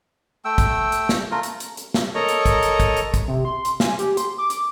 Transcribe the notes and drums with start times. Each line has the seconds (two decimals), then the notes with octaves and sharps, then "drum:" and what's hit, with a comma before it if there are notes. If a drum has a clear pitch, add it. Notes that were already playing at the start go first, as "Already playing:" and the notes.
0.45 A3 G5 E6
0.58 drum: kick, hi-hat
0.92 drum: hi-hat
1.09 drum: snare
1.31 A3 F4 A#4
1.43 drum: hi-hat
1.60 drum: hi-hat
1.77 drum: hi-hat
1.94 drum: snare
2.15 A4 A#4 C#5 D#5 A#5
2.29 drum: hi-hat
2.46 drum: kick, hi-hat
2.63 drum: hi-hat
2.80 drum: kick, hi-hat
2.97 drum: hi-hat
3.14 drum: kick, hi-hat
3.28 C3
3.45 C6
3.65 drum: hi-hat
3.80 G#5, drum: snare
3.99 G4, drum: hi-hat
4.17 C6, drum: hi-hat
4.38 D6
4.50 drum: hi-hat